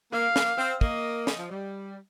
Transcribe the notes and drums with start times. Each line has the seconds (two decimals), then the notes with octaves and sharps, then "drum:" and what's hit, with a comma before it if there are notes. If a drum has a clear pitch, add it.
0.12 A#3 F5
0.36 A#3, drum: snare
0.58 C4
0.81 A#3 D#5, drum: kick
1.27 drum: snare
1.38 F3
1.50 G3